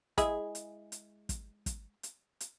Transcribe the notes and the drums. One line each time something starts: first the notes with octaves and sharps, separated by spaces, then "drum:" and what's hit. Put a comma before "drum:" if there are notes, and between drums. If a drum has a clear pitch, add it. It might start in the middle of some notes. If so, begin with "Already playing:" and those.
G#3 E4 G#4, drum: kick, hi-hat
drum: hi-hat
drum: hi-hat
drum: kick, hi-hat
drum: kick, hi-hat
drum: hi-hat
drum: hi-hat